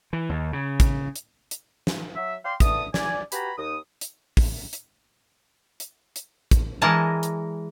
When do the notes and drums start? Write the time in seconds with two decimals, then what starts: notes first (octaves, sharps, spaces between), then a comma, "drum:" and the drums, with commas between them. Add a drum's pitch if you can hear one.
0.13 E3
0.29 D#2
0.53 C#3
0.80 drum: kick, hi-hat
1.16 drum: hi-hat
1.51 drum: hi-hat
1.87 drum: snare
2.16 F#3 E5
2.45 D5 F5 G5 C6
2.60 D3 E3 D4 A5 D#6, drum: kick, hi-hat
2.94 D5 G#5, drum: snare
3.32 F#4 G4 B4 G#5 A#5 B5, drum: hi-hat
3.57 D#2 D#6
4.01 drum: hi-hat
4.37 drum: kick, open hi-hat
4.73 drum: hi-hat
5.80 drum: hi-hat
6.16 drum: hi-hat
6.51 drum: kick, hi-hat
6.82 E3 G#3 A#4 D5 A5 A#5
7.23 drum: hi-hat